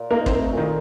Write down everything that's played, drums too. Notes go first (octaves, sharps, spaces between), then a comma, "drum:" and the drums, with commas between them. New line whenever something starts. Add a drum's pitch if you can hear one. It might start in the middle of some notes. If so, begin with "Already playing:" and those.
Already playing: A#2
A#3 D#4 A#4
C4 C5, drum: kick
A3
A#2
D#3 D#4